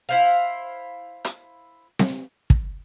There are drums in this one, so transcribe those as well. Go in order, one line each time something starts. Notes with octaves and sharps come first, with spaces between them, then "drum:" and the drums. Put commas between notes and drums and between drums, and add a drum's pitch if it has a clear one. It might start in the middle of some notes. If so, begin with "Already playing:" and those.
E4 C5 F5
drum: hi-hat
drum: snare C4
drum: kick